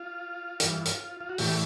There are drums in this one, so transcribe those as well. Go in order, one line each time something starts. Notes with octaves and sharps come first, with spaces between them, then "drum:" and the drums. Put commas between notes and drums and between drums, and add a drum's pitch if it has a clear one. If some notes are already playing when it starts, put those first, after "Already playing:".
Already playing: F4
G2 E3, drum: hi-hat
drum: hi-hat
F4
F#4
A2 E3 G4, drum: open hi-hat